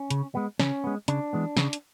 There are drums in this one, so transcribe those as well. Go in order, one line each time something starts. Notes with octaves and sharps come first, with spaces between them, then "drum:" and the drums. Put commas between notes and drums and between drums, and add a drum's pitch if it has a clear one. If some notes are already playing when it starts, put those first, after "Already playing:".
Already playing: C#4
C#3, drum: hi-hat
G#3 B3
C#3 C#4, drum: snare
G#3 B3
C#3 D4, drum: hi-hat
E3 G#3 B3
C#3, drum: snare
drum: hi-hat